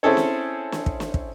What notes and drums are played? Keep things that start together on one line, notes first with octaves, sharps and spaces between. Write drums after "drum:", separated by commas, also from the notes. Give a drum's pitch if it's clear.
C4 C#4 E4 G#4 A4 C#5
drum: snare
drum: snare
drum: kick
drum: snare
drum: kick